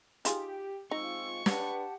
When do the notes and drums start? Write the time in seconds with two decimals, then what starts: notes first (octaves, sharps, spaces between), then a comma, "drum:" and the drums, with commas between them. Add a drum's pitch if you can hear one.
0.25 D#4 F4 G4 G#4, drum: hi-hat
0.91 G#3 C4 D#4 F4 C#6 E6
1.46 D4 G4 B4 F#5 A5, drum: snare